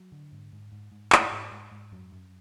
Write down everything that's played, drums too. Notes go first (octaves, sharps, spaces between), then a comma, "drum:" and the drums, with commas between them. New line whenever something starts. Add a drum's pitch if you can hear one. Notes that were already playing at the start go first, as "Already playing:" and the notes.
Already playing: F#3
D3
G#2
G#2
G#2
G#2
G#2, drum: clap
G#2
G#2
G#2
F#2 F#3
F#2